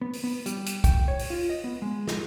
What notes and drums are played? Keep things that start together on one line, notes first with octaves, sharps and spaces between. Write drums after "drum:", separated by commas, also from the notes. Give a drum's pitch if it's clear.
B3
drum: open hi-hat
B3
G3, drum: hi-hat
drum: hi-hat
G5, drum: kick B1, hi-hat
C#5
drum: open hi-hat
F4
D#5
B3
G#3
drum: snare